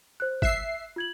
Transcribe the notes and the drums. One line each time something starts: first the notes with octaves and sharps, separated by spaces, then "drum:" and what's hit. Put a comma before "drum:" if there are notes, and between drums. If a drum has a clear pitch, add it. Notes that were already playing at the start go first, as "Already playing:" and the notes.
C5 F#6
E5 F#6 C7, drum: kick
F4 G#6 F#7